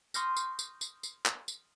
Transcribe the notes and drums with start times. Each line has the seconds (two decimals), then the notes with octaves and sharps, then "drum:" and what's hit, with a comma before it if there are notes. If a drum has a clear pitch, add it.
0.14 C6 C#6 D#6 F6 G6 A#6, drum: tambourine
0.37 drum: tambourine
0.59 drum: tambourine
0.81 drum: tambourine
1.03 drum: tambourine
1.26 drum: clap
1.48 drum: tambourine